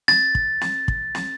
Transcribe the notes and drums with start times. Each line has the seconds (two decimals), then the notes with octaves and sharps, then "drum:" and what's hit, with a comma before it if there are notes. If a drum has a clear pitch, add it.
0.08 A6, drum: snare
0.35 drum: kick
0.61 drum: snare
0.88 drum: kick
1.15 drum: snare